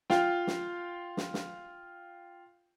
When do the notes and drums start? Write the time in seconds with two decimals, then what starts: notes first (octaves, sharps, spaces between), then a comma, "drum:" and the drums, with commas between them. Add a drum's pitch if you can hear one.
0.10 F4 F5 G5, drum: snare
0.47 drum: snare
1.17 drum: snare
1.34 drum: snare